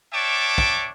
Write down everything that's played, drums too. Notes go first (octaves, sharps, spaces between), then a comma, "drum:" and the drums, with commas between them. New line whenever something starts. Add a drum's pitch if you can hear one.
D4 C#5 E5 G5 A5 D6
drum: kick